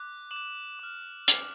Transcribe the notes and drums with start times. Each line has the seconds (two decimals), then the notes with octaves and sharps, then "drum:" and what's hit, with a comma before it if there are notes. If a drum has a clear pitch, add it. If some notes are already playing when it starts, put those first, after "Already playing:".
Already playing: D6 F#6
0.31 D6 E7 F#7
0.36 F#6
0.79 D6 F6
1.28 D6 F6, drum: hi-hat